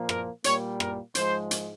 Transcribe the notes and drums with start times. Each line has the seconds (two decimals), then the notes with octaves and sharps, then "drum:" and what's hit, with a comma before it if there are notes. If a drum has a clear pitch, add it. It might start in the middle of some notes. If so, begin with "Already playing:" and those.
Already playing: A#2 F3 A#3
0.09 A#4, drum: rim click
0.44 A#2 G3 A#3 C#5, drum: hi-hat
0.80 A#4, drum: rim click
1.15 G#2 F3 G#3 C5, drum: hi-hat
1.51 drum: hi-hat